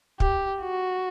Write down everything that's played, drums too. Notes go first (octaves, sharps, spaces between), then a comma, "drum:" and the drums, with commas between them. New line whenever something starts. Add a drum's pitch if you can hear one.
G4, drum: kick
F#4